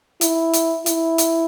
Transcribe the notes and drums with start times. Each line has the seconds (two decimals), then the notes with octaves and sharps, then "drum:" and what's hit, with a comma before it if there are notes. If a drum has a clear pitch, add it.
0.21 E4, drum: hi-hat
0.53 drum: hi-hat
0.86 E4, drum: hi-hat
1.18 drum: hi-hat